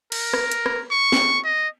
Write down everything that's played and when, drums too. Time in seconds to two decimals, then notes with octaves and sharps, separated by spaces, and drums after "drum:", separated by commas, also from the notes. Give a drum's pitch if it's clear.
0.12 A#4, drum: cymbal
0.34 drum: rim click
0.52 drum: hi-hat
0.66 drum: rim click
0.91 C#6
1.12 drum: snare
1.45 D#5